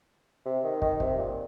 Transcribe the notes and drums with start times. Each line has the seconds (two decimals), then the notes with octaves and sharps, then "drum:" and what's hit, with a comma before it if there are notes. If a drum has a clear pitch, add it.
0.46 C3
0.64 D#3
0.82 D#3, drum: kick
1.00 C3, drum: kick
1.18 A#2